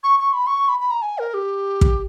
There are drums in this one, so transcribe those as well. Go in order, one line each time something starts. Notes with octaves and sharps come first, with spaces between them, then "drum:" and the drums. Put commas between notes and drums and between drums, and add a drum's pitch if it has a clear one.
C#6
C#6
B5
C#6
B5
B5
A#5
G#5
A#4
G4
drum: kick